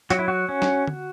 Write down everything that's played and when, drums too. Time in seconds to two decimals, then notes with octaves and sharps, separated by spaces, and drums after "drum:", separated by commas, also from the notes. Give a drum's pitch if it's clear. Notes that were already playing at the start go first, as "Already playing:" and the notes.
0.10 F#3 F#4, drum: hi-hat
0.19 E4
0.28 F#4
0.49 C#4
0.62 drum: snare
0.87 drum: tom D3